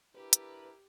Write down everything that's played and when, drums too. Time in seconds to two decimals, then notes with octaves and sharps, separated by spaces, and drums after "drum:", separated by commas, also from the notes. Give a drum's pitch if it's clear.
0.15 D4 E4 G4 A#4 B4
0.33 drum: hi-hat